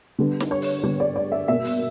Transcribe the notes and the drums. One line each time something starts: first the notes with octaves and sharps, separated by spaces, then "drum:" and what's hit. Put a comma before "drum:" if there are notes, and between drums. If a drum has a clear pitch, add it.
D3 G3 B3
drum: snare
C#5
drum: open hi-hat
D3 G3 B3 C#5
D5
D5
E5
B2 A#3 E5
drum: open hi-hat